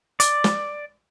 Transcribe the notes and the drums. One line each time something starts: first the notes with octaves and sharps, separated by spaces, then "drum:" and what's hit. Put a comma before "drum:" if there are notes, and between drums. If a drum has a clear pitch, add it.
D5, drum: hi-hat
drum: snare